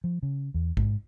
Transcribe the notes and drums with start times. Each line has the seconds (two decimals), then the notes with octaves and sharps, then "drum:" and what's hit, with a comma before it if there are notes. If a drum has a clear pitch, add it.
0.04 F3
0.23 C#3
0.54 E2
0.77 G#2, drum: kick